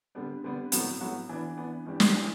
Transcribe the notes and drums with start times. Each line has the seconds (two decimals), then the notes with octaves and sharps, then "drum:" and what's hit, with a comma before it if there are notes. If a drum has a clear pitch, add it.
0.15 D3 G3 B3 D4
0.44 D3 G3 B3 D4
0.72 A2 F#3 B3 F#4, drum: hi-hat
1.01 A2 F#3 B3 F#4
1.29 E3 B3 D4
1.58 E3 B3 D4
1.86 G2 E3 G3 D4 G4
2.00 drum: snare
2.15 E3 G3 D4 G4